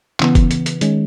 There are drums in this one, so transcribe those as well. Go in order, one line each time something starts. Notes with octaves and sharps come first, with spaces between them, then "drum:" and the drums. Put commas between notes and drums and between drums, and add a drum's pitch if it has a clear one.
C#3 E3 B3, drum: clap
drum: kick, hi-hat
drum: hi-hat
drum: hi-hat
D#3 G#3 C#4, drum: hi-hat